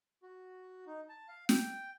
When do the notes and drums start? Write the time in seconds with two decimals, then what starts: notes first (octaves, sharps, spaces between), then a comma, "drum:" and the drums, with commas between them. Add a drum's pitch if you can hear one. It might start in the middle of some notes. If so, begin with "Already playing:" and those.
0.23 F#4
0.87 D#4
1.09 A5
1.28 F5
1.49 G5, drum: snare